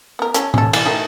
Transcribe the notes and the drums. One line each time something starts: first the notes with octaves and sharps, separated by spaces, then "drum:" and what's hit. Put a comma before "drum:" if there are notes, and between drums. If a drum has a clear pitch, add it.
B3 A#4
C#4 A4, drum: hi-hat
C#4 A4, drum: tom A2
E3 D5, drum: cymbal
D#3 A3 E4